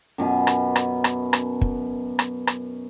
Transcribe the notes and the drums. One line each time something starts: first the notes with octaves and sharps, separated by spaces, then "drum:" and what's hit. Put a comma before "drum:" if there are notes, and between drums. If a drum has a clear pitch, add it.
F#2 B2 G#5
drum: rim click
drum: rim click
drum: rim click
drum: rim click
drum: kick
drum: rim click
drum: rim click